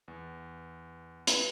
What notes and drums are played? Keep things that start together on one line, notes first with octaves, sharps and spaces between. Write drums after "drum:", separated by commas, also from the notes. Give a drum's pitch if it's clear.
E2
B4, drum: hi-hat